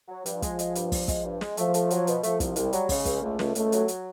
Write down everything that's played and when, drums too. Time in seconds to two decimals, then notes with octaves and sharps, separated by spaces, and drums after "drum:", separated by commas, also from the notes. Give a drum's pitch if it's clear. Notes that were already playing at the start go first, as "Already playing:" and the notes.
0.08 F#3
0.26 G2 F3, drum: hi-hat
0.42 G#3, drum: kick, hi-hat
0.59 G#3, drum: hi-hat
0.75 G2, drum: hi-hat
0.92 G2, drum: kick, open hi-hat
1.08 G#3, drum: kick, hi-hat
1.25 G2
1.41 G#3, drum: snare
1.57 F3 A3, drum: hi-hat
1.74 A3, drum: hi-hat
1.90 F#3, drum: hi-hat
2.07 B2, drum: hi-hat
2.23 F3 A3, drum: hi-hat
2.40 C2, drum: kick, hi-hat
2.56 C2 G3, drum: hi-hat
2.73 F#3, drum: hi-hat
2.89 C#3 G#3, drum: kick, open hi-hat
3.05 C#2, drum: kick, hi-hat
3.22 C#2 A3
3.39 C#2, drum: snare
3.55 C#2 A3, drum: hi-hat
3.72 F#3, drum: hi-hat
3.88 drum: hi-hat